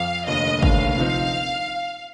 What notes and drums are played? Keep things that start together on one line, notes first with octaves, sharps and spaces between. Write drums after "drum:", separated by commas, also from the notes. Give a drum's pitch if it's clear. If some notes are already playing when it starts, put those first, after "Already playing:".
Already playing: F2 F5
F1 D#2 D3 D#5
F1 D#2 D3 F5, drum: kick
C3 F3 C4 D#4